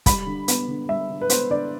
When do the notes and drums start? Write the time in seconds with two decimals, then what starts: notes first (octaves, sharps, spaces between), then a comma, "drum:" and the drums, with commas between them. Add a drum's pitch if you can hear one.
0.06 G3 B5, drum: kick, hi-hat
0.26 D3
0.48 B3, drum: hi-hat
0.68 D3
0.88 G3 E5
1.10 D3
1.21 B4
1.30 B3 C5, drum: hi-hat
1.50 D3 D5